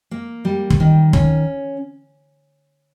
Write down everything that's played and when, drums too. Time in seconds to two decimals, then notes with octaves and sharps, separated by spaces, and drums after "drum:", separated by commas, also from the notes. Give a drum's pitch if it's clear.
0.11 A#3
0.45 G3
0.70 drum: kick
0.80 D#3
1.13 C#4, drum: kick